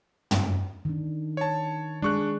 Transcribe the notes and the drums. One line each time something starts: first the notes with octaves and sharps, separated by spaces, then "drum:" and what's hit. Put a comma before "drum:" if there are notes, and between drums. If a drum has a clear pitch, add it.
drum: tom
D#3 D4
C#5 A5
G#3 D4 G#4 C#6 F#6